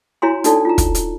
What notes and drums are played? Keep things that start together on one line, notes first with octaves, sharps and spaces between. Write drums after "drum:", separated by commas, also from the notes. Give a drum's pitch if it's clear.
E4 F#4 C#5 G#5 A#5 C6
D4 D#4 F#4 A4 D5 A5, drum: hi-hat
F4 A#5
drum: kick, hi-hat
drum: hi-hat